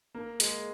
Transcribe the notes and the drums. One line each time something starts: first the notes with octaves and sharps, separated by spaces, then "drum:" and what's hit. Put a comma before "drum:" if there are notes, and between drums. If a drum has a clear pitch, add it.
A#3
G#3, drum: hi-hat